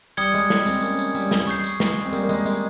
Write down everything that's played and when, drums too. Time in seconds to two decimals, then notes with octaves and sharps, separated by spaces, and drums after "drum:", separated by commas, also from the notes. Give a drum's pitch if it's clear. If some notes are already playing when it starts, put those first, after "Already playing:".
0.17 G3 D#6 G#6 C#7 G7, drum: tambourine
0.34 G#3, drum: tambourine
0.50 G#3, drum: snare
0.66 G#3 C4, drum: tambourine
0.83 A#3 C#4, drum: tambourine
0.99 drum: tambourine
1.15 G3, drum: tambourine
1.31 drum: snare
1.47 G3 C#6 G6 C7, drum: tambourine
1.64 drum: tambourine
1.80 G#3, drum: snare
2.05 C4
2.12 G3 A#3, drum: tambourine
2.23 A#3
2.29 G#3, drum: tambourine
2.46 G#3, drum: tambourine